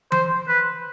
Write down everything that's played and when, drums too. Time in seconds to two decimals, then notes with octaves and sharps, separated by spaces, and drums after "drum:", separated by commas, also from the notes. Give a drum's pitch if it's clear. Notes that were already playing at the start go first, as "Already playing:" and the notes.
0.12 C5, drum: tom E3
0.49 B4